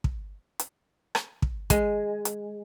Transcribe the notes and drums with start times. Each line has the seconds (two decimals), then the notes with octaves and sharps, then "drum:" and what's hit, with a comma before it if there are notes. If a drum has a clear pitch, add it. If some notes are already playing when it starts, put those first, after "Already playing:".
0.04 drum: kick
0.59 drum: hi-hat
1.15 drum: rim click
1.42 drum: kick
1.70 G#3, drum: kick, hi-hat
2.25 drum: hi-hat